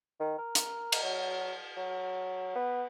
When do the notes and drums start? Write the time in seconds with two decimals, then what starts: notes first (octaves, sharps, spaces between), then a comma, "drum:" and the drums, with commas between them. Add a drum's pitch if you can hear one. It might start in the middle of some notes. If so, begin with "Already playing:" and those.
0.20 D#3
0.38 A#4
0.55 drum: hi-hat
0.92 drum: cymbal
1.03 F#3
1.77 F#3
2.55 B3